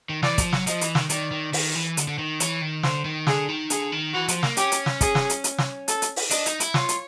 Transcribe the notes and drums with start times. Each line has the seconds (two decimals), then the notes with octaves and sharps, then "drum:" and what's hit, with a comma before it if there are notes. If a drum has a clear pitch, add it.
0.09 D#3
0.23 E3 D5, drum: snare
0.38 F3, drum: kick, hi-hat
0.53 F#3, drum: snare
0.67 F3 D#5, drum: hi-hat
0.81 E3, drum: hi-hat
0.95 D#3, drum: snare
1.10 D#3 D5, drum: hi-hat
1.31 D#3
1.53 D#3, drum: open hi-hat
1.75 E3
1.97 D3, drum: hi-hat
2.08 D3
2.18 D#3
2.40 E3 C#5, drum: hi-hat
2.61 D#3
2.83 D3 C5, drum: snare
3.05 D#3
3.27 D3 G#4, drum: snare
3.49 D#3
3.70 D3 G#4, drum: hi-hat
3.92 D#3
4.14 E3 F#4
4.28 F3, drum: hi-hat
4.43 A#3, drum: snare
4.57 C#4 G4, drum: hi-hat
4.72 drum: hi-hat
4.86 drum: snare
5.01 G#4, drum: kick, hi-hat
5.15 drum: snare
5.30 drum: hi-hat
5.44 drum: hi-hat
5.58 drum: snare
5.88 A4, drum: hi-hat
6.02 drum: hi-hat
6.16 drum: open hi-hat
6.31 D4 D#5, drum: hi-hat
6.46 D#4, drum: hi-hat
6.60 E4, drum: hi-hat
6.74 F4 C#5, drum: snare
6.89 drum: hi-hat